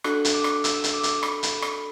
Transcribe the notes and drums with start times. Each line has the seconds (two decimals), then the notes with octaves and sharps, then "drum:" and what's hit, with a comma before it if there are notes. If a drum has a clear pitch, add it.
0.04 D4 F#4 A4 F#6, drum: rim click
0.25 drum: hi-hat
0.34 D6
0.44 drum: rim click
0.64 E6, drum: hi-hat
0.84 drum: hi-hat
0.93 D6
1.03 drum: hi-hat
1.23 B5, drum: rim click
1.43 drum: hi-hat
1.62 drum: rim click